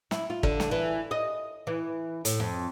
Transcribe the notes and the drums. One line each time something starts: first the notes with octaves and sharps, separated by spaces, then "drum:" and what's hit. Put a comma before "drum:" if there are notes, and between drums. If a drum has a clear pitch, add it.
E4, drum: snare
F4
D3, drum: kick
drum: snare
E3
D#5
E3
A2, drum: hi-hat
F2